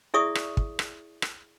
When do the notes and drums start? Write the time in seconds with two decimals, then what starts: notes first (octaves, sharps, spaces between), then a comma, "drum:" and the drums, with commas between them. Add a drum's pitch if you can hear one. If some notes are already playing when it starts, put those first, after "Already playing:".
0.14 E4 G#4 D5 E5 C#6 D#6
0.35 drum: rim click
0.57 drum: kick
0.79 drum: rim click
1.22 drum: rim click